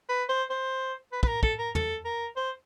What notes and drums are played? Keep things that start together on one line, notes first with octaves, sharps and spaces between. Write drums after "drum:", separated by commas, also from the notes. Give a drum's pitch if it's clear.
B4
C5
C5
B4
B4, drum: kick
A#4
A4, drum: kick
A#4
A4, drum: tom
A#4
C5